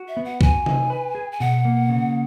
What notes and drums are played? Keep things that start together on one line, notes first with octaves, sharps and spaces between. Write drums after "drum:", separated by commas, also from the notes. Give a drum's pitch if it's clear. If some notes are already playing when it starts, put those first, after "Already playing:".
Already playing: F#4
E5
B3
F#5
F#4 G#5, drum: kick C2
D#4, drum: tom C3
B4
G#4
G#5
B2 F#5
A#3
C#3